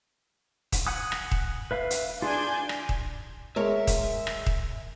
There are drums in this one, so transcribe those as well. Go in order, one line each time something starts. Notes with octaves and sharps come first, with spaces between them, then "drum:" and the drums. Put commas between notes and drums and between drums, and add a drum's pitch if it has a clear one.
drum: kick D#1, hi-hat
F#5 G#5 D#6
drum: rim click
drum: kick D#1
B4 E5 F5
drum: hi-hat
D4 F4 G#4 G#5 G6
drum: rim click
drum: kick D#1
G#3 A#4 C#5 E5
drum: kick D#1, hi-hat
drum: rim click
drum: kick D#1